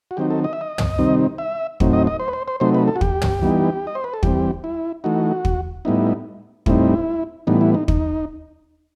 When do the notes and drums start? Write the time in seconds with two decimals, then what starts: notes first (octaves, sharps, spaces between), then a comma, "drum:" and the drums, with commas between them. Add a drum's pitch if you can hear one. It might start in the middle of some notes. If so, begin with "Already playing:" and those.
0.11 F#4
0.17 D#3 F#3 C4 D#4 G4
0.30 A4
0.44 D#5
0.53 E5
0.61 D#5
0.78 drum: tom
0.98 C3 D#3 G3 C4 D#4
1.38 E5
1.80 A2 F#3 C4 D#4, drum: kick
1.93 D#5
2.07 D#5
2.20 C5
2.28 B4
2.33 C5
2.48 C5
2.60 C3 F#3 A3 D#4 C5
2.74 B4
2.88 A4
2.96 F#4
3.01 G4, drum: kick
3.22 drum: tom
3.42 E3 G3 B3 D#4
3.87 D#5
3.95 C5
4.04 B4
4.14 A4
4.23 E3 G3 C4 G4, drum: kick
4.64 E4
5.04 E3 A3 D#4 F#4
5.45 drum: kick
5.85 A2 G3 B3 D#4 E4
6.66 A2 G3 C4 D#4 E4, drum: kick
7.47 A2 E3 G3 B3 D#4
7.61 E4
7.74 D#4
7.88 D#4, drum: kick